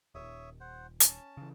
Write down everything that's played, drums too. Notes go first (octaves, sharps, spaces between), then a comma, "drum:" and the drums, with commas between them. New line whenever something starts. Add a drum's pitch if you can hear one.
D#1 C#5 E5 D#6
C5 F#5
C#4 A5, drum: hi-hat
C#3 E3